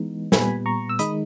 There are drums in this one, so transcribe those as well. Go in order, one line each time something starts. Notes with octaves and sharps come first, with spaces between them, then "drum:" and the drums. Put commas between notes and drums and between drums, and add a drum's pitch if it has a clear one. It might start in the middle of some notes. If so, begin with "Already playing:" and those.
Already playing: E3 G#3 B3 D#4
A#2 G3 B3 G#5 B5, drum: snare
A#5 C#6
E6
D#3 G#3 D#4 B5 D#6, drum: hi-hat